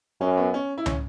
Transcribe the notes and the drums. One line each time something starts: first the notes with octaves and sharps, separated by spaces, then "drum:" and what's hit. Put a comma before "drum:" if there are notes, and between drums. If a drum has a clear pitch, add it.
F#2 C#4
B3
C#4
E4
C#4, drum: tom